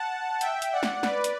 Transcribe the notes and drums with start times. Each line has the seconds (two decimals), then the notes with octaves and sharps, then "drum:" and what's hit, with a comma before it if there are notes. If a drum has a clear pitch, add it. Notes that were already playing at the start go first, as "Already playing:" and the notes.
Already playing: F#5 A5
0.41 E5 G5, drum: hi-hat
0.62 drum: hi-hat
0.72 D5 F#5
0.83 drum: snare
1.03 B4 D5, drum: snare
1.24 drum: hi-hat